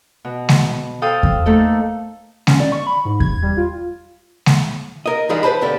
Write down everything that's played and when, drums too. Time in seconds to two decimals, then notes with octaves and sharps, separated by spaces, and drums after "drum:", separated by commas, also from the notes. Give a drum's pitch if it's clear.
0.25 B2
0.49 drum: snare G#3
1.02 A4 C5 F5 G5 D#6
1.23 drum: kick E2
1.46 A3 A#3 D#4 A4
2.47 C#4, drum: snare G#3
2.60 D5
2.72 C#6
2.87 B5
3.05 G#2
3.20 G#6, drum: kick E2
3.43 G3
3.57 F4
4.46 drum: snare G#3
5.06 A#4 D#5
5.29 E3 F3 G3 G#3 D#4
5.43 B4 C5 A5 B5
5.61 D2 A#2 D4 G4 A4 D5